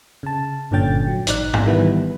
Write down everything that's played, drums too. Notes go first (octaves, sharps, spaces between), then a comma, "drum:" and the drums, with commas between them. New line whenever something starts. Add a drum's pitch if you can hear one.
C#3 A5
G1 A#2 D3 C#4 G5 A6
F#3
A1 D#4 D5 F#6, drum: hi-hat
drum: tom G#2
D#3 E3 G3 B3 E4 B4